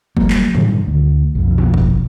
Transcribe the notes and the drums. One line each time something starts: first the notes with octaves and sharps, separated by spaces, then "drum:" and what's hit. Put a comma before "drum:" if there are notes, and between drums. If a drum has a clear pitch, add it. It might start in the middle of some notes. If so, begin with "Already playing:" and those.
F#3 G3 A#3, drum: kick F#1
drum: clap
G2 D#3, drum: tom
D2
B1 F2
drum: tom
drum: kick F#1